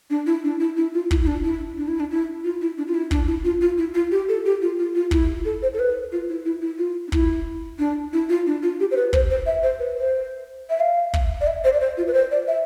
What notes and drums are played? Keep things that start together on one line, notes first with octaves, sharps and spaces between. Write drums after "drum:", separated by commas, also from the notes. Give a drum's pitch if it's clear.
D4
E4
D4
E4
E4
F4
E4, drum: kick
E4
D4
E4
D4
E4
D4
E4
F4
E4
D4
F4
E4
D4, drum: kick
E4
F4
F4
E4
F4
G4
A4
G4
F4
F4
F4
E4, drum: kick
A4
C5
A4
B4
F4
E4
E4
E4
F4
D4
E4, drum: kick
D4
E4
F4
D4
F4
G4
C5
B4
C5, drum: kick
C5
E5
C5
B4
C5
E5
F5
drum: kick
D5
E5
C5
D5
C5
F4
B4
C5
D5
E5